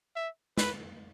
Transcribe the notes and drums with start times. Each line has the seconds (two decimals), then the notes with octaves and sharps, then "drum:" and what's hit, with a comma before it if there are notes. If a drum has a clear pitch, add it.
0.16 E5
0.58 B4, drum: snare